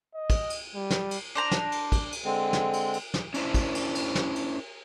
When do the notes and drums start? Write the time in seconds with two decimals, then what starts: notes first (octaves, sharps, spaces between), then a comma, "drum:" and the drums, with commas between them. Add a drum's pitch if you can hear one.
0.15 D#5
0.30 drum: kick, cymbal
0.50 drum: cymbal
0.75 G3
0.91 drum: snare
1.11 drum: cymbal
1.35 D4 C5 A#5
1.51 drum: snare
1.72 drum: cymbal
1.92 drum: kick, cymbal
2.12 drum: cymbal
2.25 D3 G#3 C4
2.53 drum: snare
2.73 drum: cymbal
2.94 drum: cymbal
3.14 drum: snare
3.34 C#4 D4 E4 C5, drum: cymbal
3.54 drum: kick, cymbal
3.75 drum: cymbal
3.95 drum: cymbal
4.15 drum: snare
4.36 drum: cymbal